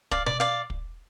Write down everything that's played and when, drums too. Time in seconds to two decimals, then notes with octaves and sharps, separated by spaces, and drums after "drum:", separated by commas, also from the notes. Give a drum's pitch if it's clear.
0.11 D5 F5, drum: kick
0.26 D5, drum: tom B2
0.40 D5 F5
0.70 drum: kick